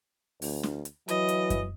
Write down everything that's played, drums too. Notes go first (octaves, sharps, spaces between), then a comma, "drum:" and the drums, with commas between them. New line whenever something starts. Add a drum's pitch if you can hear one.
D2, drum: open hi-hat
drum: snare
drum: hi-hat
E3 F#3 D#5, drum: hi-hat
drum: hi-hat
drum: kick F#2, hi-hat